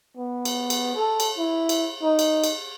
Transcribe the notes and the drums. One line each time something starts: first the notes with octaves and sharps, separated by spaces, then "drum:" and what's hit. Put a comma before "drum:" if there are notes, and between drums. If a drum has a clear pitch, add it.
B3
drum: cymbal
drum: cymbal
A4
drum: cymbal
E4
drum: cymbal
D#4
drum: cymbal
drum: cymbal